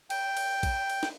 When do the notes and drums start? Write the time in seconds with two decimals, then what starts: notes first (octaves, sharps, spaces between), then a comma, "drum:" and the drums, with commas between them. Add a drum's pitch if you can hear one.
0.10 G5, drum: cymbal
0.37 drum: cymbal
0.63 drum: kick, cymbal
0.90 drum: cymbal
1.03 drum: snare